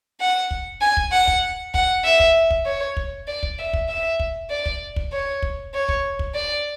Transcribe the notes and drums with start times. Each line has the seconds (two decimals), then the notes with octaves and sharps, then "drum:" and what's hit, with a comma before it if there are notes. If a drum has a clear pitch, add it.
0.20 F#5
0.51 drum: kick
0.81 G#5
0.97 drum: kick
1.12 F#5
1.28 drum: kick
1.74 F#5, drum: kick
2.04 E5
2.20 drum: kick
2.51 drum: kick
2.66 C#5
2.97 drum: kick
3.28 D5
3.43 drum: kick
3.59 E5
3.73 drum: kick
3.89 E5
4.20 drum: kick
4.50 D5
4.66 drum: kick
4.96 drum: kick
5.12 C#5
5.42 drum: kick
5.74 C#5
5.89 drum: kick
6.19 drum: kick
6.35 D5